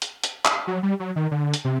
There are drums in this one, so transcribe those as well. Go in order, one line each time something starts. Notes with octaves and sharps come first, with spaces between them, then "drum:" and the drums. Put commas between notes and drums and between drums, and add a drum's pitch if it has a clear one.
drum: hi-hat
drum: hi-hat
drum: clap
F#3
G3
F#3
D#3
D3
drum: hi-hat
C3